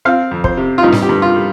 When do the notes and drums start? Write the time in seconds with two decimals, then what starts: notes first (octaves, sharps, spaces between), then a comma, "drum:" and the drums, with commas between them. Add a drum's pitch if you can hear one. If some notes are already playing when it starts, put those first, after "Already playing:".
0.05 C4 F5
0.31 F2
0.44 C5, drum: kick
0.57 C3
0.78 F4
0.83 G2 D#4
0.92 drum: snare
1.02 G4
1.09 G2
1.22 F4
1.36 G3